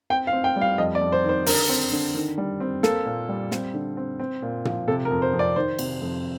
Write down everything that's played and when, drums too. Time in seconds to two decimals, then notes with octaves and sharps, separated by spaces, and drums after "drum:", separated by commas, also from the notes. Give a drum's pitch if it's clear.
0.10 C4 G5
0.27 F5
0.33 C4
0.44 G5
0.56 G3
0.61 F5
0.78 F2 D#5
0.95 D5
1.01 F2
1.12 C5
1.24 D#3
1.29 C5
1.46 D3 A#4, drum: open hi-hat
1.69 C4
1.92 D3
2.14 D#3
2.38 G3
2.60 C4
2.83 A#3 A4, drum: snare
3.06 A#2
3.29 G3
3.51 C4, drum: snare
3.74 D3
3.97 C4
4.19 C4
4.42 A#2
4.65 F3, drum: tom
4.88 C3 A4
5.05 A#4
5.11 F2
5.22 C5
5.33 F2
5.39 D5
5.56 D#3 C5
5.79 C3, drum: cymbal
6.02 F2